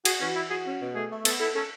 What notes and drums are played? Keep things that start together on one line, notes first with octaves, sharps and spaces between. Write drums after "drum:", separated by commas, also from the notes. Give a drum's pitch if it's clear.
F#4 G#4, drum: cymbal
E3 C#4
E3 E4
F#4 G#4
C#4
B2
A3 G#4
A3
B3 A4, drum: cymbal
E4 A4
C#4 A4